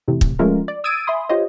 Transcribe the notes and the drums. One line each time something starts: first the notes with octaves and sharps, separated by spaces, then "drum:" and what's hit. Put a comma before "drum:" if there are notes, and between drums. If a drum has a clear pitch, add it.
E2 A2 C3
drum: kick
F3 G#3 A3 C#4 F4 A#4
D5
D#6 E6 G#6 A6 D7 D#7
E5 G#5 B5 C6 D#6
F4 G4 C5 C#5 D#5